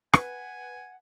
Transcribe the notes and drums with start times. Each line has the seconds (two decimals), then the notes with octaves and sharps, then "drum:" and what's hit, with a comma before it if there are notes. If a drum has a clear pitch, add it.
0.13 B4 F#5 G#5, drum: rim click